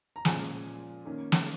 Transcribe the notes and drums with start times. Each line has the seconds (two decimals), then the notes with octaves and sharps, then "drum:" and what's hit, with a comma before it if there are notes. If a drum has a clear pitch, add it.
0.16 A#5
0.25 A#2 F3 G#3 C#4 G#5, drum: snare
1.05 D#3 A#3 C#4
1.32 drum: snare